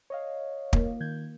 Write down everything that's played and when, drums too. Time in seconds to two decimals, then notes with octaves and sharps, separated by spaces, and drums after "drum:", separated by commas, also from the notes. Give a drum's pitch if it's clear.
0.10 C#5 D#5 F5
0.73 A#3, drum: kick
1.00 D#3 G6 G#6